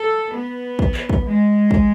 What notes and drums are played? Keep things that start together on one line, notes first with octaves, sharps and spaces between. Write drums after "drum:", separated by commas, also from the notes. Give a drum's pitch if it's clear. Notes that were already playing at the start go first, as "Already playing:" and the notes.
Already playing: A4
B3
drum: kick
drum: clap
drum: kick
G#3
drum: kick